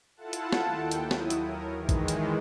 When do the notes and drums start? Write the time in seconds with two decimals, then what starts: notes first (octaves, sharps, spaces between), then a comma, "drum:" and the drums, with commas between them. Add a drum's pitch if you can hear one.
0.17 E4 F4 A4 F#5 A5
0.33 drum: hi-hat
0.52 drum: snare
0.65 D#2 G5
0.91 drum: hi-hat
1.11 F#3 E4 D#6, drum: snare
1.30 drum: hi-hat
1.44 A#4 C#5
1.75 D#3 E3 G#3
1.89 drum: kick, hi-hat
2.08 drum: hi-hat